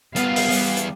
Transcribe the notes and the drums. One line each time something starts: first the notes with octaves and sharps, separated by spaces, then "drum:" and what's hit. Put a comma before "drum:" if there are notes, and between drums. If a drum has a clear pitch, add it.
G3 B3 F4 F5, drum: hi-hat
drum: open hi-hat
E2 G3 B3
drum: hi-hat